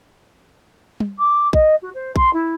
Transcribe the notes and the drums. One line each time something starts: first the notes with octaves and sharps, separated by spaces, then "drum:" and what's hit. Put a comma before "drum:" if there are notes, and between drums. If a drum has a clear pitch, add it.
drum: tom
D6
D#5, drum: kick A#1
F#4
C5
C6, drum: kick A#1
E4